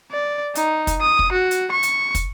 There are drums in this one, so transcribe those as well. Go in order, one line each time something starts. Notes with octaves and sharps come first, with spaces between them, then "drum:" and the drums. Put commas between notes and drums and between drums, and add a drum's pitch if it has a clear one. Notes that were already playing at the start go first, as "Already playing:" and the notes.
D5
D#4, drum: hi-hat
drum: kick, hi-hat
D#6
drum: kick
F#4
drum: hi-hat
C#6
drum: hi-hat
drum: kick, hi-hat